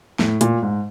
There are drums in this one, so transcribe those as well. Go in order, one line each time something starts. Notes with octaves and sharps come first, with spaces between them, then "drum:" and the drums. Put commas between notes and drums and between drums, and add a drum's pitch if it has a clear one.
A2, drum: snare
A#2, drum: hi-hat
G#2